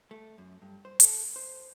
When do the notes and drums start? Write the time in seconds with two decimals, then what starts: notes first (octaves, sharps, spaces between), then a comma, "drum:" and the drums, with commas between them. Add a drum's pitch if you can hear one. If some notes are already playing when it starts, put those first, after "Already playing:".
0.11 A3
0.38 F#2
0.62 G2
0.85 C5
1.00 A4, drum: hi-hat
1.36 C5